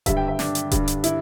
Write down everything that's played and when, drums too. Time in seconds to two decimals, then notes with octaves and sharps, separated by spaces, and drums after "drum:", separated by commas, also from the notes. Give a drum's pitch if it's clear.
0.06 G2 D3 G3 E5, drum: kick D#1, hi-hat
0.17 G5
0.28 E5
0.39 D4, drum: snare
0.55 drum: hi-hat
0.71 G2 D3 G3, drum: kick D#1, hi-hat
0.88 drum: hi-hat
1.04 E4, drum: hi-hat